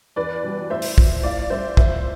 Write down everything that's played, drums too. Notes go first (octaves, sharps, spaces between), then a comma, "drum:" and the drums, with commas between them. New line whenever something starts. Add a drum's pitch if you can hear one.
E2 B4 D5
B2 G3
A2 C5 E5
drum: open hi-hat
F3, drum: kick
A2 D5 F5
G3 C5 E5
F2 C5 E5, drum: kick